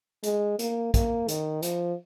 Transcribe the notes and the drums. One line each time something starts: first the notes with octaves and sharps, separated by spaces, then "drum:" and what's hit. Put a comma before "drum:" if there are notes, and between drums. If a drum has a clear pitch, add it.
G#3, drum: hi-hat
A#3, drum: hi-hat
A#3, drum: kick, hi-hat
D#3, drum: hi-hat
F3, drum: hi-hat